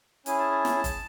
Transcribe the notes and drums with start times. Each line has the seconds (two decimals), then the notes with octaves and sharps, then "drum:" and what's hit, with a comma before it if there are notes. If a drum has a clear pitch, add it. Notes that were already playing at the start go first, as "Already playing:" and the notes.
0.26 C#4 E4 G#4 G#5, drum: hi-hat
0.39 A5
0.52 A5
0.65 drum: snare
0.84 drum: kick, hi-hat